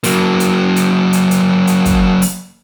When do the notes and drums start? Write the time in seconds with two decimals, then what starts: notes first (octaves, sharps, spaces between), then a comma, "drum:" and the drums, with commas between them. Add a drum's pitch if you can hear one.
0.04 F#3 A#3, drum: open hi-hat
0.40 drum: hi-hat
0.76 drum: hi-hat
1.13 drum: hi-hat
1.31 drum: hi-hat
1.67 drum: hi-hat
1.85 drum: kick, hi-hat
2.22 drum: open hi-hat